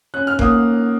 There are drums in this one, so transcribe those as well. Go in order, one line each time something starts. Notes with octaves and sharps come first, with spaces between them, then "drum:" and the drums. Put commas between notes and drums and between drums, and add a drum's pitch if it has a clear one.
C#4 F#6
F6
A#3 D#6, drum: kick G1